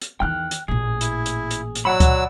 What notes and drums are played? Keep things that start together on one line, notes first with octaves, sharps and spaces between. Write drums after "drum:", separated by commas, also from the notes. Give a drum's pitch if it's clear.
drum: hi-hat
E2 D#3 G5 F6 F#6
drum: hi-hat
A1 A#2 G#4
E4, drum: hi-hat
drum: hi-hat
drum: hi-hat
drum: hi-hat
F#3 D5 F#5 B5 E6
drum: kick C#2, hi-hat